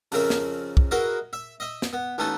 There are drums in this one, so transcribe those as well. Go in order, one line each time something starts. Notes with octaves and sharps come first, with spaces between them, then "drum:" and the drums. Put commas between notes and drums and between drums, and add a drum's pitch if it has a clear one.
F2 C#3 A#4 E5, drum: open hi-hat
drum: snare
drum: kick
E4 F#4 G#4 A#4 B4 D#5
E5
D#5 E5
drum: snare
B3
A1 E3 A3 B3 D#4 A4